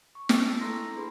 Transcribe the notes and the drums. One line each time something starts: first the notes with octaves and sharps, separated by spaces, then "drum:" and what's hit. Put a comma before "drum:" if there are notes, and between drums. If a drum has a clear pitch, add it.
C#6
G5 A5 D6 E6, drum: snare
E4 A4 A#5 C6 A#6
D4 G#4 B4 B5 C6